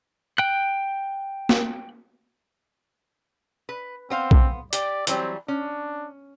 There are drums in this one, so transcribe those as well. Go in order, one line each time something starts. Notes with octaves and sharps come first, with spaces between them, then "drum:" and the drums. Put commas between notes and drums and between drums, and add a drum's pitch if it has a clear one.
G5 F#6
drum: snare
B4
B3 C4 C5 F5
drum: kick B1
G4 D5, drum: hi-hat
E3 F#3 G3 C4, drum: hi-hat
C#4 D4